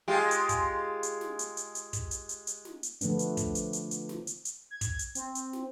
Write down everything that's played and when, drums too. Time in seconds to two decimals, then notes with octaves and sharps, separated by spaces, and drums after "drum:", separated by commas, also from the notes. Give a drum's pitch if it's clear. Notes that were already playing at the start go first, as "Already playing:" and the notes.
0.08 G#3 F4 G4
0.31 drum: hi-hat
0.49 drum: kick, hi-hat
1.03 drum: hi-hat
1.21 drum: snare
1.39 drum: hi-hat
1.57 drum: hi-hat
1.75 drum: hi-hat
1.93 drum: kick, hi-hat
2.11 drum: hi-hat
2.29 drum: hi-hat
2.47 drum: hi-hat
2.65 drum: snare
2.83 drum: hi-hat
3.01 D3 F3 A3 B3 D4, drum: hi-hat
3.19 drum: hi-hat
3.37 drum: kick, hi-hat
3.55 drum: hi-hat
3.73 drum: hi-hat
3.91 drum: hi-hat
4.09 drum: snare
4.27 drum: hi-hat
4.45 drum: hi-hat
4.71 G#6
4.81 drum: kick, hi-hat
4.99 drum: hi-hat
5.15 C4, drum: hi-hat
5.35 drum: hi-hat
5.53 drum: snare